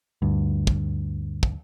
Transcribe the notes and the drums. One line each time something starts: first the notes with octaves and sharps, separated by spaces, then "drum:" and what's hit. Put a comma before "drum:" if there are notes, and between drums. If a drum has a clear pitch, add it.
D2 G2
drum: kick
drum: kick